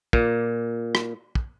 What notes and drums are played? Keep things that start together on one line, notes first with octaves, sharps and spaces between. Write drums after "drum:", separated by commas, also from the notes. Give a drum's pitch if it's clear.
A#2, drum: kick
drum: rim click
drum: kick